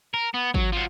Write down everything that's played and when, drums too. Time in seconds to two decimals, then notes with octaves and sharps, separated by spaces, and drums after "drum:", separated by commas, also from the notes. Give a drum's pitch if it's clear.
0.14 A#4
0.34 B3
0.54 F#3, drum: kick G#1
0.72 F3 F#4